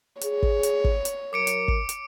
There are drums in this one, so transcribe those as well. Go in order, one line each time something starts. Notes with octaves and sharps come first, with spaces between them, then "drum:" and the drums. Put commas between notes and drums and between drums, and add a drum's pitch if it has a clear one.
G#4 C#5, drum: hi-hat
drum: kick
drum: hi-hat
drum: kick
drum: hi-hat
F#3 A#4 D6 C#7 D7
drum: hi-hat
drum: kick
drum: hi-hat